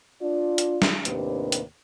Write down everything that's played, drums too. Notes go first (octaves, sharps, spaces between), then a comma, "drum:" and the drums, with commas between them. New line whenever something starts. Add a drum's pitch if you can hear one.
D4 F4 D5
drum: hi-hat
drum: snare
D#2 A2 C3 A#3 D4 B4, drum: hi-hat
drum: hi-hat